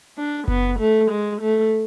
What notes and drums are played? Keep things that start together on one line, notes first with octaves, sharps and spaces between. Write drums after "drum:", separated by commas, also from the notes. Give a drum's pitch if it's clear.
D4
B3, drum: kick F#1
A3
G#3
A3